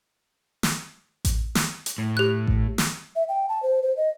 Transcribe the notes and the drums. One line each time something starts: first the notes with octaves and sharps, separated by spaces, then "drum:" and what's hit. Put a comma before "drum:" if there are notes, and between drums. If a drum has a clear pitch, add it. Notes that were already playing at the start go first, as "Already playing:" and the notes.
drum: snare
drum: kick A1, hi-hat
drum: snare
drum: hi-hat
A2
G4 F#6
drum: kick A1
drum: snare
E5
G5
A5
C5
C5
D#5